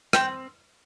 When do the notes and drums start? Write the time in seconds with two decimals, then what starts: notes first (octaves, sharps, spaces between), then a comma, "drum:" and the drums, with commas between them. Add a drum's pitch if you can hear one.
0.13 C4 G5, drum: rim click